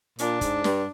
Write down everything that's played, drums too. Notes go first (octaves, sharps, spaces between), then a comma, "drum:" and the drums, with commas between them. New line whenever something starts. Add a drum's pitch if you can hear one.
A#2 D4, drum: hi-hat
G#2, drum: kick, hi-hat
G2, drum: snare